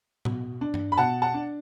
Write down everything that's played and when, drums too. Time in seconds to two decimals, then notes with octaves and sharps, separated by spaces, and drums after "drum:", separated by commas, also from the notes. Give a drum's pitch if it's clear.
0.25 B2, drum: tom A2
0.61 D4
0.74 drum: tom G2
0.92 B5
0.98 B2 F#5 A5
1.22 F#5 A5
1.34 D4